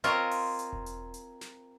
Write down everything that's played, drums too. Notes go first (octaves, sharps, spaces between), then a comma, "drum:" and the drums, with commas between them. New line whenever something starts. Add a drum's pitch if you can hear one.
C4 F4 A#4 C#5 D#5, drum: hi-hat
drum: open hi-hat
drum: hi-hat
drum: kick E1
drum: hi-hat
drum: hi-hat
drum: snare